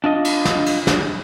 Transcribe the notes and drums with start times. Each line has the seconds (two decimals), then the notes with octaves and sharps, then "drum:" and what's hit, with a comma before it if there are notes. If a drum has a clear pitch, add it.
0.04 D4 F4 D#5
0.25 drum: cymbal
0.45 drum: snare
0.66 drum: cymbal
0.87 drum: snare